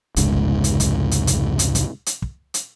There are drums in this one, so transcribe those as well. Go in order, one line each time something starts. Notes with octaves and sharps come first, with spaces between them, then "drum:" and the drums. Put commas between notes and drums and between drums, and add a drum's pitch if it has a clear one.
F1 C#2 G#2, drum: hi-hat
drum: kick
drum: hi-hat
drum: kick, hi-hat
drum: hi-hat
drum: kick, hi-hat
drum: hi-hat
drum: kick, hi-hat
drum: hi-hat
drum: kick
drum: hi-hat